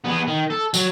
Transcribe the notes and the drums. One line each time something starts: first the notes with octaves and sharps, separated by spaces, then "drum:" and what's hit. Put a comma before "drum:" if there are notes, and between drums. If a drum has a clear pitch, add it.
B3 G#4
D#3
A4
F#3, drum: tambourine